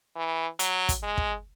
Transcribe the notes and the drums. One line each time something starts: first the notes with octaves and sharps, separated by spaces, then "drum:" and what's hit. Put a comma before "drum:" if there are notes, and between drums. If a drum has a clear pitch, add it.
E3
F#3, drum: hi-hat
drum: kick, hi-hat
G#3
drum: kick